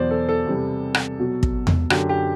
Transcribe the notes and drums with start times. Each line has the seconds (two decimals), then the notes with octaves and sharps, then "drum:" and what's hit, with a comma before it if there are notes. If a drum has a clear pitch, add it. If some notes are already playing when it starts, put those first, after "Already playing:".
Already playing: E2 B2 F#3 C5 D5
0.11 A4
0.29 A4
0.46 E2 C3 G3
0.94 drum: rim click
1.19 B2 F#3
1.43 drum: kick
1.67 drum: tom E2
1.90 F#2 D3 F#3 G4, drum: rim click
2.09 G4